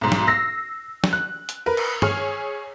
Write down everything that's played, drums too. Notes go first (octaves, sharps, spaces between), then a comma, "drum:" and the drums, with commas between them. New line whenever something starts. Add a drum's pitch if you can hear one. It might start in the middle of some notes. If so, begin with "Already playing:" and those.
B1 G#2
drum: snare
E6 A#6 C7
drum: snare
F#6
drum: hi-hat
A#4 B4
drum: cymbal
G#4 C#5 F6, drum: tom